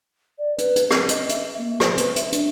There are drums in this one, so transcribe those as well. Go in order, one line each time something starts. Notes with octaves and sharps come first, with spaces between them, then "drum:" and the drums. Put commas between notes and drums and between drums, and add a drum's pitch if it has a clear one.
D5
B4, drum: hi-hat
drum: hi-hat
C4, drum: rim click
D#5, drum: hi-hat
E5, drum: hi-hat
A#3
C5, drum: rim click
B4, drum: hi-hat
E5, drum: hi-hat
D4, drum: hi-hat